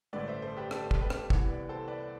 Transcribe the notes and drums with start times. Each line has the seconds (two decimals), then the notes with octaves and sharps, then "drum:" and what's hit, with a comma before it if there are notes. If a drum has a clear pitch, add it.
0.13 A1 G2 D3 A3 B4 D5
0.27 C5 E5
0.42 A4 C5
0.57 G4 B4
0.71 A4, drum: rim click
0.91 drum: kick
1.01 G4 B4
1.10 drum: rim click
1.30 C2 C3 E3 B3, drum: kick
1.49 B4 D5
1.69 A4 C5
1.88 B4 D5